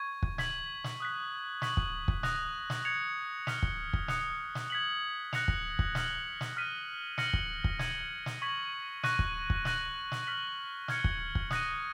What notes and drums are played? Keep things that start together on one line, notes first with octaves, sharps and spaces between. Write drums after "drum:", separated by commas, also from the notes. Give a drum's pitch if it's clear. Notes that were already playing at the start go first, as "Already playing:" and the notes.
Already playing: C#6 G#6
drum: kick
G#6 B6 F#7, drum: snare
drum: snare
D#6 F#6 B6
C#6 G#6 B6 F#7, drum: snare
drum: kick
drum: kick
D#6 F#6 A#6 F7, drum: snare
drum: snare
G#6 C#7 F7
F6 B6 F7, drum: snare
drum: kick
drum: kick
D#6 F#6 C#7 F7, drum: snare
drum: snare
G#6 B6 F#7
F#6 A#6 C#7 F7, drum: snare
drum: kick
drum: kick
F6 B6 F#7, drum: snare
drum: snare
F6 B6 D#7
F6 A#6 C#7 F#7, drum: snare
drum: kick
drum: kick
G#6 D#7 F#7, drum: snare
drum: snare
C#6 G#6 B6 F#7
C#6 F#6 A#6 D#7, drum: snare
drum: kick
drum: kick
F#6 A#6 D#7 F#7, drum: snare
drum: snare
F6 B6 F#7
F6 G#6 C#7, drum: snare
drum: kick
drum: kick
D#6 F#6 A#6 D#7, drum: snare